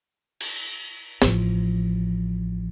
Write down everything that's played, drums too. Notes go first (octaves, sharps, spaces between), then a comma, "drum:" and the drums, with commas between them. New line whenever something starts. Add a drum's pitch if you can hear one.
drum: cymbal
A1 F3, drum: snare